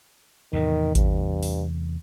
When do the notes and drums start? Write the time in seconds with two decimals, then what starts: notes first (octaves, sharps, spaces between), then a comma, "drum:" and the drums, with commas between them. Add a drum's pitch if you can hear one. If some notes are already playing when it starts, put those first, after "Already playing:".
0.53 E2 A2 C3 D#3
0.95 G2, drum: kick A1, hi-hat
1.43 drum: open hi-hat